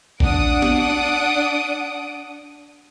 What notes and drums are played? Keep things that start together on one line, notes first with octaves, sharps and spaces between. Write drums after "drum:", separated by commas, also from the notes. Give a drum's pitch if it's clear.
D4 F#5 D#6 D7, drum: kick
drum: snare